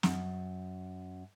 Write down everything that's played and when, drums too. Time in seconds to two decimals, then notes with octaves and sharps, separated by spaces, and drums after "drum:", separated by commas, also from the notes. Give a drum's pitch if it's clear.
0.03 F#2, drum: snare